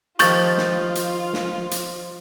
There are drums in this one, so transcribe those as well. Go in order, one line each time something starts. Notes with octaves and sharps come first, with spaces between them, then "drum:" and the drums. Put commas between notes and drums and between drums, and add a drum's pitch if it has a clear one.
D#3 F3 F4 G4 C#6 G6 A6, drum: hi-hat
drum: snare
drum: hi-hat
drum: snare
drum: hi-hat